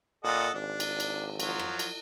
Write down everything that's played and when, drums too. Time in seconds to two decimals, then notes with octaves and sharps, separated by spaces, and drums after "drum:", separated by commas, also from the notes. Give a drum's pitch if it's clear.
0.24 A#2 A4 D#5 F#5
0.54 G#1 D4
0.80 drum: cymbal
1.00 drum: cymbal
1.40 F3 F#3, drum: cymbal
1.59 drum: rim click
1.79 drum: cymbal